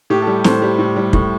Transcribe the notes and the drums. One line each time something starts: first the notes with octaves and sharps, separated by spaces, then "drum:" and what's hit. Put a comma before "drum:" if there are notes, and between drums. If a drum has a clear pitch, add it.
A2 G4
A4
G3
A2 C5, drum: snare
G3
A2
G3
A2, drum: kick